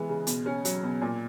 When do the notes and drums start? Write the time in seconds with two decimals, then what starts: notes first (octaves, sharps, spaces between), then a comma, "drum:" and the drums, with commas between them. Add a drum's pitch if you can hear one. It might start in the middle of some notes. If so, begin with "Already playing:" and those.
Already playing: E3 G#3 B3
0.09 C#3
0.27 B2, drum: hi-hat
0.46 C#4
0.65 F#3, drum: hi-hat
0.83 B2
1.01 A#2